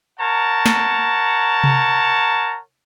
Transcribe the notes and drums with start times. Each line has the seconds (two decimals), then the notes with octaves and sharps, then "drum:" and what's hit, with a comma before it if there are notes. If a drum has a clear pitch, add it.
0.19 A#4 C#5 F#5 A5 A#5
0.66 drum: snare
1.64 drum: tom C3